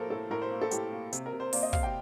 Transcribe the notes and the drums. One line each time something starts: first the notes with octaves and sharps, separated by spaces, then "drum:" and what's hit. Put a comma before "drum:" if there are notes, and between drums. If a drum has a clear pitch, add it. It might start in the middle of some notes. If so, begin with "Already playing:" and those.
Already playing: A2 F3 A#3 A4 A#4 C5
A2 A4
A2 A#4
C5
A#3
A4
A2 G4, drum: hi-hat
A#3
C3, drum: hi-hat
A#4
C3
C5
A#3 D5, drum: open hi-hat
D#5
C3 F5, drum: kick
G5